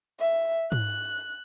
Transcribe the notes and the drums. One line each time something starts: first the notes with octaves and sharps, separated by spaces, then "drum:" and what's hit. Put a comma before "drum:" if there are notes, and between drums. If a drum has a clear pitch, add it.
E5
F#6, drum: tom G#2